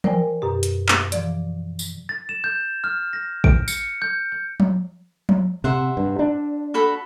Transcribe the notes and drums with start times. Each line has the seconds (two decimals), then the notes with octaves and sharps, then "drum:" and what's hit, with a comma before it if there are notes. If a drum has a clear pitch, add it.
0.04 A#4 C5 D5 G5 G#5, drum: tom E3
0.42 F#2 B2 G4
0.63 drum: hi-hat
0.89 drum: clap
1.12 E3 F3 D5, drum: hi-hat
1.79 drum: tambourine
2.09 A6
2.29 E7
2.44 G6
2.84 F6
3.13 A#6
3.44 D7, drum: kick
3.68 C#7, drum: tambourine
4.02 G6
4.32 G6
4.60 drum: tom F3
5.29 drum: tom F3
5.64 C3 C5 E5 F#5
5.97 G2
6.19 D4
6.74 F#4 A4 B5